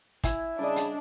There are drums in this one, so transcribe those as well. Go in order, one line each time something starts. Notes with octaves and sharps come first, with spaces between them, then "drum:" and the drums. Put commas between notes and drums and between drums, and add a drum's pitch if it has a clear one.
E4 G#5, drum: kick, hi-hat
C#3 G3 D4 D5 D#5
drum: hi-hat